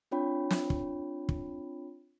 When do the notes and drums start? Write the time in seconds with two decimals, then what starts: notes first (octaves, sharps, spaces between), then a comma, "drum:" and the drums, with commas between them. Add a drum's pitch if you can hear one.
0.11 C4 D4 F4 C#5 G5 B5
0.51 drum: snare
0.70 drum: kick
1.29 drum: kick